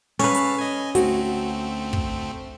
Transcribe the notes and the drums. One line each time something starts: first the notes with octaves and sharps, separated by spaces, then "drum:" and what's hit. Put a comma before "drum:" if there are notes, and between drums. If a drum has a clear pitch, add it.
C#4 A4 B4 F5, drum: open hi-hat
drum: hi-hat
D#5 G#5
D2 A3 C4 F#4, drum: hi-hat
drum: kick